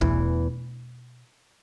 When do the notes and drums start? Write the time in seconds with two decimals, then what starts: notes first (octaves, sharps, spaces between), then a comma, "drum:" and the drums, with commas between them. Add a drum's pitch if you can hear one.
0.01 E2 B2 E3 A3 D4, drum: kick